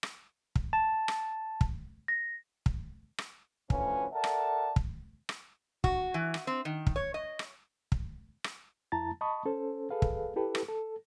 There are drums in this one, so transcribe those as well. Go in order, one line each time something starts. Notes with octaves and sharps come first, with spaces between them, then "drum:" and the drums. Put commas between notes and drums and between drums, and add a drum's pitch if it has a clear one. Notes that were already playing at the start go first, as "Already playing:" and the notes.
drum: rim click
drum: kick
A5
drum: rim click
drum: kick
A#6
drum: kick
drum: rim click
D2 A2 F3 C#4 B4 G#5, drum: kick
A4 A#4 D5 E5 F#5 A5
drum: rim click
drum: kick
drum: rim click
F#4, drum: kick
E3
drum: rim click
C4
D#3
drum: kick
C#5
D#5
drum: rim click
drum: kick
drum: rim click
F2 E4 A5 A#5 A6
D#5 A5 B5 C#6 D#6
C#4 A4 C5
G#4 A4 B4 F5
drum: kick
E4 G4 A4 B4
drum: rim click
A4